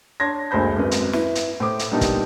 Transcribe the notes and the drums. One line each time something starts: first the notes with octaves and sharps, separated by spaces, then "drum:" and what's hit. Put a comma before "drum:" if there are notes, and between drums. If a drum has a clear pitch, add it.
D4 C#5 C6 G#6 A#6
F#1 D2 G#3 C5 B5 G6
G#1 F#2 B4
drum: hi-hat
E4 B4, drum: snare
drum: hi-hat
A2 C5 D6
drum: hi-hat
A#2 G3 B3 D4 D#4
drum: kick, hi-hat